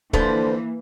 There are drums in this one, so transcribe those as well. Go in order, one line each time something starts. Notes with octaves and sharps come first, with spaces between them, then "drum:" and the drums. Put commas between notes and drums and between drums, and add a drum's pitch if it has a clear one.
D3 E3 F3 A#3 B4 C5, drum: kick